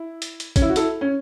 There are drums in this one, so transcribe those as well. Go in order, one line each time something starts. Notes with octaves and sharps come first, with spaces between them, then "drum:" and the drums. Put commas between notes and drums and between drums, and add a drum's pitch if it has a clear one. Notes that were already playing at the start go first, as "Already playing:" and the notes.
Already playing: E4
drum: hi-hat
drum: hi-hat
C#4, drum: kick A1, hi-hat
E4
F#4
E4 A4, drum: hi-hat
C#4